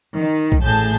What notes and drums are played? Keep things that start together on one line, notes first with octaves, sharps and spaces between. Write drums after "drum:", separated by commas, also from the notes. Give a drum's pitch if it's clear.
D#3
drum: kick B1
A1 A2 G#4 A5 G6